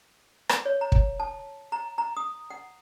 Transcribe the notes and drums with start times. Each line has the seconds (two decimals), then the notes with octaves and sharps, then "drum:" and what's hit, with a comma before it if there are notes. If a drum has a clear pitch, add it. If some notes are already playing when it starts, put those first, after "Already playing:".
0.49 drum: rim click
0.65 C#5
0.81 A#5
0.92 drum: kick
1.20 A5
1.72 A#5
1.98 A#5
2.17 D#6
2.50 F#5